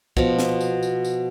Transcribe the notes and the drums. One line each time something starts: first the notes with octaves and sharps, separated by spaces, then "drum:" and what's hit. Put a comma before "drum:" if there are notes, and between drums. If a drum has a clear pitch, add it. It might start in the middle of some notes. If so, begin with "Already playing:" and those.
B2 F3, drum: kick
drum: snare
drum: tambourine
drum: tambourine
drum: tambourine